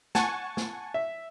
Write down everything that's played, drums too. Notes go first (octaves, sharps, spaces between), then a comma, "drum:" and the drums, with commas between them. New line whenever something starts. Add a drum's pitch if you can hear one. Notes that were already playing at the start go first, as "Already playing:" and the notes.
F#5 G#5 A5 C#6, drum: snare
drum: snare
E5